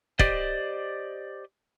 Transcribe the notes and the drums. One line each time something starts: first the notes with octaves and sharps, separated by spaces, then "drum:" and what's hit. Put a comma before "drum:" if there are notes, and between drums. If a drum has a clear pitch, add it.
G4 C5 D5 D#5, drum: kick